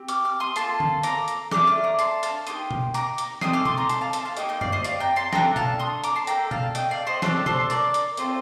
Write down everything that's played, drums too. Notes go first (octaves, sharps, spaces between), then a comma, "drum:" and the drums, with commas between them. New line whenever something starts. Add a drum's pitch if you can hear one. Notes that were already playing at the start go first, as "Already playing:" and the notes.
Already playing: C4 G4
D6 F6, drum: hi-hat
D6 F6
C6 D#6
A#3 F4 A4 A5 C6, drum: hi-hat
drum: tom D3
A#5 D6, drum: hi-hat
drum: hi-hat
A3 D4 A4 D6 F6, drum: snare
D6 F6
A#5 D6
A5 C6, drum: hi-hat
F5 A5, drum: hi-hat
A#3 D#4 G4 C6 D#6, drum: hi-hat
drum: tom B2
A#5 D6, drum: hi-hat
drum: hi-hat
C4 D#4 A4 C6 D#6, drum: snare
D6 F6
C6 D#6, drum: tom B2
A#5 D6
A5 C6, drum: hi-hat
F5 A5
A5 C6, drum: hi-hat
F5 A5
A#3 D#4 G4 D#5 G5, drum: hi-hat
D#5 G5
D5 F5, drum: tom F#2
C5 D#5
D5 F5, drum: hi-hat
G5 A#5
A5 C6
D4 A4 G5 A#5, drum: snare
F5 A5, drum: tom B2
C6 D#6
A#5 D6, drum: hi-hat
A5 C6
A#3 D4 A4 G5 A#5, drum: hi-hat
F5 A5, drum: tom B2
D#5 G5, drum: hi-hat
D5 F5
C5 D#5
D4 G4 A4 C5, drum: snare
A4 C5, drum: tom B2
A#4 D5, drum: hi-hat
drum: hi-hat
C4 F4 A4 C5 D#5, drum: hi-hat